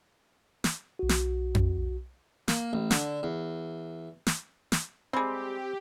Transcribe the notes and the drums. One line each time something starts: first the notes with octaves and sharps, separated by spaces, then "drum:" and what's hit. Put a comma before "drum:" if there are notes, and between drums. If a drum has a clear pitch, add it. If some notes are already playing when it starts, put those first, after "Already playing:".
drum: snare
B1 F#4
drum: snare
drum: tom F2
A#3, drum: snare
A1
D3, drum: snare
E2
drum: snare
drum: snare
G3 G#3 C4 G4